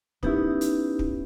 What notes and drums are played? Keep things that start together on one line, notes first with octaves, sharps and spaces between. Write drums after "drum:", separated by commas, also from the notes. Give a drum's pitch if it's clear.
B3 C#4 D#4 E4 G4, drum: kick
drum: hi-hat
drum: kick